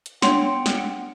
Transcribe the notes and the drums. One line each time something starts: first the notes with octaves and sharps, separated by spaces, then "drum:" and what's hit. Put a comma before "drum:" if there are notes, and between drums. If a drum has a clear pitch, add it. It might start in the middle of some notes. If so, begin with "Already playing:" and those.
drum: hi-hat
B3 D4 C#5 F#5 G5 C6, drum: snare
drum: snare